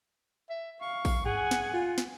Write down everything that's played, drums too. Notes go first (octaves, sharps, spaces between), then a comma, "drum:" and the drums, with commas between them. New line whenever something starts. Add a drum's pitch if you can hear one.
E5
F5 C#6
drum: kick A1, open hi-hat
G#4 F#5 G#5, drum: tom G2
drum: snare
F4
drum: snare